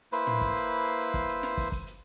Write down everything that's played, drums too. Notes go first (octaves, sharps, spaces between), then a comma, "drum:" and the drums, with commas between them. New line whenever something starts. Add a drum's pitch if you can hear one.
A#3 E4 B4 C5, drum: hi-hat
drum: tom
drum: kick, hi-hat
drum: hi-hat
drum: hi-hat
drum: hi-hat
drum: kick, hi-hat
drum: hi-hat
drum: snare
drum: kick, open hi-hat
drum: kick, hi-hat
drum: hi-hat